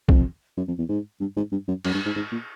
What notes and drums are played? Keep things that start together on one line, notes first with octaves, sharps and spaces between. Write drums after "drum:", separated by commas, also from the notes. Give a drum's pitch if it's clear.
F2, drum: kick
F#2
F2
E2
G#2
G2
G#2
G2
F#2
F#2, drum: cymbal
G2
G#2
G#2
A#2